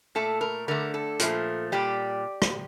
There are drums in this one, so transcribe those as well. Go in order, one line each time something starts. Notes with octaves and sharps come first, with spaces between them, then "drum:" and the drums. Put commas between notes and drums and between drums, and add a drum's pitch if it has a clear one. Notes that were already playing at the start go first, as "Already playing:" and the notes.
A#2 A3 A4
A#4
D3 A3 A#4
A4
A#2 F3 A3, drum: hi-hat
A#2 G3 G4
drum: rim click